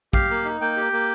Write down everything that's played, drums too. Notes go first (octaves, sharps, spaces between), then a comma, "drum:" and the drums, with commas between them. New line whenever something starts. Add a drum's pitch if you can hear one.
G4 F5, drum: kick A#1
A#3
D#4
A#3 G5
G4
A#3